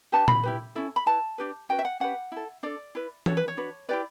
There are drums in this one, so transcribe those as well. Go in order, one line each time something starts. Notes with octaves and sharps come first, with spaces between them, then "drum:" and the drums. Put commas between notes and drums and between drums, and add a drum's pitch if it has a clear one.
D4 G4 B4 A5
B5, drum: tom A#2
E4 G4 B4
C#4 E4 A4
B5
E4 B4 A5
D4 G4 B4
C#4 F#4 B4 G5
E5
F#5
C#4 G4 B4 F#5
E4 A4
D4 A4 D5
E4 B4
C#4 F#4 A4 C#5, drum: tom
B4
C#5
D4 F#4 B4
E4 G4 B4 D5